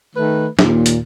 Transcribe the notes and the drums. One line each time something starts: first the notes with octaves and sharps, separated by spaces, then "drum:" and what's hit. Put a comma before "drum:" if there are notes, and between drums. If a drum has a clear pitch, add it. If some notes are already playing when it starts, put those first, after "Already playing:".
D#3 A3 B4
D#2 A#2, drum: snare
drum: hi-hat